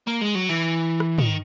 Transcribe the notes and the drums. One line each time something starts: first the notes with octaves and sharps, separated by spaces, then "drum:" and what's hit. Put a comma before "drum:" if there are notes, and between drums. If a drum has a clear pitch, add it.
A#3
G#3
F#3
E3
drum: rim click
D#3, drum: tom